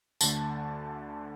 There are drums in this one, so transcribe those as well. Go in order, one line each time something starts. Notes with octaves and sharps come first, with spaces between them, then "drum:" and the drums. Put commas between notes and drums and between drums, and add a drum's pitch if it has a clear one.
D2 D3 A3 A5, drum: tambourine